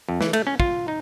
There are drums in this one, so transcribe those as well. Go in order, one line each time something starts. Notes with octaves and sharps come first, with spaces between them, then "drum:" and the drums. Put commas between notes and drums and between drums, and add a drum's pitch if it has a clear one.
F2
E3, drum: snare
A3, drum: cymbal
C#4
F4, drum: kick
D#4